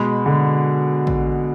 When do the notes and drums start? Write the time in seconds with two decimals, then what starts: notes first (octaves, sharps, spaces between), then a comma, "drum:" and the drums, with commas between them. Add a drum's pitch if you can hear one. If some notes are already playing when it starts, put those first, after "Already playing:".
Already playing: B2 G#3 B5
0.26 D3
1.07 drum: kick A1